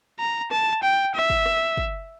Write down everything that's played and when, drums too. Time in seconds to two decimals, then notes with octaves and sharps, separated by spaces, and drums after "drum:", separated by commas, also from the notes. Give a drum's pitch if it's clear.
0.19 A#5
0.51 A5, drum: rim click
0.83 G5
1.15 E5
1.30 drum: kick
1.46 drum: rim click
1.77 drum: kick